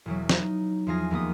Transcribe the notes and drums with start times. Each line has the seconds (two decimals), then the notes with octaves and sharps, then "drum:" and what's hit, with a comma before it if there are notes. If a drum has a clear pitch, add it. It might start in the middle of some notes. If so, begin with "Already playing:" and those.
0.06 E1 E2 F#3
0.29 D#4, drum: snare
0.87 E2 F3 F4 G#4 A#6
1.11 D#2 A#3 B3 D#6